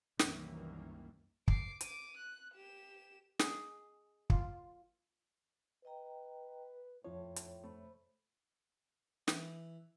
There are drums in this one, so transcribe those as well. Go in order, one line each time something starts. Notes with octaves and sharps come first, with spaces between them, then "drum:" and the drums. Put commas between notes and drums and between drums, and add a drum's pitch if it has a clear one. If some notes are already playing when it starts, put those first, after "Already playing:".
C2 F#2 D#3 E3 A#3 C#4, drum: snare
D6 C7, drum: kick
D6 D#7, drum: hi-hat
F#6
G4 E7
G#4, drum: snare
F4, drum: kick
B4 D#5 G5 A#5
F2 A2 F3 C#5 A5
drum: hi-hat
A3 C5 B5
E3, drum: snare